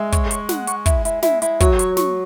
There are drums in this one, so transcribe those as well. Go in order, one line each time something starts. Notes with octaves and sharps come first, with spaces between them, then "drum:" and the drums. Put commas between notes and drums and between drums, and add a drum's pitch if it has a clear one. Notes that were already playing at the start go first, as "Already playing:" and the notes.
Already playing: G#3 E5
C#5, drum: kick, hi-hat
C#6, drum: hi-hat
F#5, drum: snare
C#6, drum: hi-hat
E4, drum: kick, hi-hat
E4, drum: hi-hat
E4, drum: snare
E4, drum: hi-hat
F#3 C#5, drum: kick, hi-hat
C#6, drum: hi-hat
C#6, drum: snare